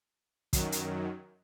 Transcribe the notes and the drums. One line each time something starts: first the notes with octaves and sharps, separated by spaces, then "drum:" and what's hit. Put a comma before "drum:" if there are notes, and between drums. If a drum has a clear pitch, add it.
F#2 D#3 F#3, drum: kick, hi-hat
drum: hi-hat